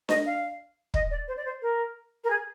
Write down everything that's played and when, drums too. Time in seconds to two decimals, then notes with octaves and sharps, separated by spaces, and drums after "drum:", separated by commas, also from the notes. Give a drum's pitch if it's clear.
0.09 D#5, drum: snare D4
0.26 F5
0.94 D#5, drum: kick
1.10 D5
1.28 C5
1.36 D5
1.45 C5
1.62 A#4
2.24 A#4
2.30 G#4